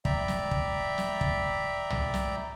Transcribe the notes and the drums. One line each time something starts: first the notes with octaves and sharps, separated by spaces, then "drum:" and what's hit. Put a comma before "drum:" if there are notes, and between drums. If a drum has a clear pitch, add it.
D5 E5 G5 A#5 B5, drum: kick
drum: snare
drum: kick
drum: snare
drum: kick
drum: tom
drum: snare